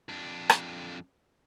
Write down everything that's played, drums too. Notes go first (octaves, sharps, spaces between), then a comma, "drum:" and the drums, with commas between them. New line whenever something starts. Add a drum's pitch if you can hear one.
F2 D4
drum: rim click